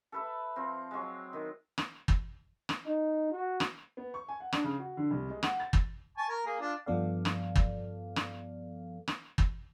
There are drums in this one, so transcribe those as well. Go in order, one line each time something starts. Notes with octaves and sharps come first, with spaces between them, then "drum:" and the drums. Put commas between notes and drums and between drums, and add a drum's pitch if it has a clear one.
A4 B4 E5
F3 C4
F#3 G#3
D#3
drum: rim click
drum: kick
drum: rim click
D#4
F#4
drum: rim click
B3
C#6
G#5
F#5
D4, drum: rim click
C#3
F#4
D3
C2
G#3
F#5, drum: rim click
A6
drum: kick
G#5 A5 C#6
A#4 A#5
A#3 G#4
D4 F4
G2 F3 B3 A4 D5 F5
drum: rim click
drum: kick
drum: rim click
drum: rim click
drum: kick